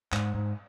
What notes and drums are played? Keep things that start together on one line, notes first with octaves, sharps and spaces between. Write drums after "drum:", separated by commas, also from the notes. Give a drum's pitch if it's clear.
G#2, drum: clap
G#2